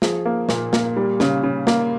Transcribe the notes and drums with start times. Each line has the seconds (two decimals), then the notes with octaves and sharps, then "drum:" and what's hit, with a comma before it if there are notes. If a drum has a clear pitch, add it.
0.02 F3 G#4, drum: snare
0.25 A#3
0.49 A#2, drum: snare
0.73 A#3, drum: snare
0.97 G3
1.20 C#3, drum: snare
1.44 C#3
1.67 A#3, drum: snare